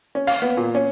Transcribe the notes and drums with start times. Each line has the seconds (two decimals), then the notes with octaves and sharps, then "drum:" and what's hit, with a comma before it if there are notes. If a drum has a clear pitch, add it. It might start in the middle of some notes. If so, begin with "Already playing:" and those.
0.15 C#4
0.27 F5, drum: open hi-hat
0.42 B3
0.57 A#2
0.75 C#4